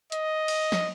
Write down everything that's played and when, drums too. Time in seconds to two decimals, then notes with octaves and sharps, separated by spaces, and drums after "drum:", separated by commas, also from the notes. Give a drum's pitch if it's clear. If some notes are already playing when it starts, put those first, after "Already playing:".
0.12 D#5, drum: hi-hat
0.48 drum: cymbal
0.72 drum: snare